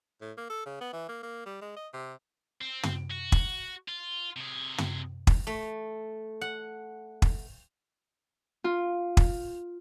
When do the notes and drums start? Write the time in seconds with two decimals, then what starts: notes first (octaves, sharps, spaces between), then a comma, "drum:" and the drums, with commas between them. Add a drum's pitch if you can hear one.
0.21 A2
0.37 A#3
0.50 A4
0.66 C#3
0.81 B3
0.93 E3
1.08 A#3
1.23 A#3
1.46 G3
1.62 G#3
1.76 D#5
1.93 C3
2.61 C4
2.83 drum: tom
3.11 F#4
3.32 drum: kick
3.89 F4
4.36 C3 G#4
4.78 drum: tom
5.27 drum: kick
5.47 A3
6.41 F#5
7.22 drum: kick
8.64 F4
9.17 drum: kick